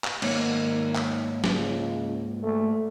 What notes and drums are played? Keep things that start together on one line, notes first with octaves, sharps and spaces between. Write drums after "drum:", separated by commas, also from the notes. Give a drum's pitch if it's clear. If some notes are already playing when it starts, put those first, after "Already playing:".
drum: clap
G#2 D#3 A#3 C#5, drum: cymbal
drum: clap
C#2, drum: snare
A3